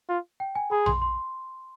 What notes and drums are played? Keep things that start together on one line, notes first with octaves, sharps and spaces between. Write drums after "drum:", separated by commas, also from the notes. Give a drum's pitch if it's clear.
F4
G5
G#5
G#4 B5
C6, drum: tom A#1
C6